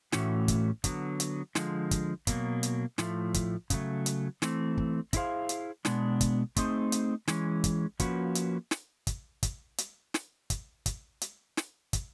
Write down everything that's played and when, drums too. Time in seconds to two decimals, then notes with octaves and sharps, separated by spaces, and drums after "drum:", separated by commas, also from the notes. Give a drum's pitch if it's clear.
0.12 A2 E3 A3 C#4 F#4, drum: snare
0.48 drum: kick, hi-hat
0.84 D3 F#3 B3, drum: kick, hi-hat
1.20 drum: hi-hat
1.55 D3 F3 G#3, drum: snare
1.91 drum: kick, hi-hat
2.27 B2 F#3 A#3, drum: kick, hi-hat
2.63 drum: hi-hat
2.98 A2 F3 A3, drum: snare
3.34 drum: kick, hi-hat
3.70 C#3 F#3 A3, drum: kick, hi-hat
4.06 drum: hi-hat
4.42 E3 A3 C4, drum: snare
4.77 drum: kick
5.13 C4 E4 G#4 C5 F5, drum: kick, hi-hat
5.49 drum: hi-hat
5.85 B2 G#3 B3 D4, drum: snare
6.21 drum: kick, hi-hat
6.56 A3 C4 D#4 G#4 C5, drum: kick, hi-hat
6.92 drum: hi-hat
7.28 E3 G#3 C#4, drum: snare
7.64 drum: kick, hi-hat
8.00 F3 A#3 C#4 F#4 B4, drum: kick, hi-hat
8.35 drum: hi-hat
8.71 drum: snare
9.07 drum: kick, hi-hat
9.43 drum: kick, hi-hat
9.78 drum: hi-hat
10.14 drum: snare
10.50 drum: kick, hi-hat
10.86 drum: kick, hi-hat
11.21 drum: hi-hat
11.57 drum: snare
11.93 drum: kick, hi-hat